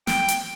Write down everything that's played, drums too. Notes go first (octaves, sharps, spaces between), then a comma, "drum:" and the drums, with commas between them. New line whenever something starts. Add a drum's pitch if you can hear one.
G5, drum: snare
drum: hi-hat